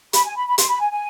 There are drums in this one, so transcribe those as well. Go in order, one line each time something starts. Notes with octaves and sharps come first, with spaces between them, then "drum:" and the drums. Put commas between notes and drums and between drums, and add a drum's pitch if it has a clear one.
B5, drum: hi-hat
G#5
B5
B5
C6, drum: hi-hat
B5
G#5
G#5